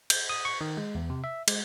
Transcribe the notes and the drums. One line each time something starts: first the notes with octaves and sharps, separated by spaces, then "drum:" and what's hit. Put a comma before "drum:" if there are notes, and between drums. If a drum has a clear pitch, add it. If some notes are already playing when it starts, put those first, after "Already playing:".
G6, drum: cymbal
D#6
C#6
D#3
G#3
E2
C3
E5
G#3, drum: cymbal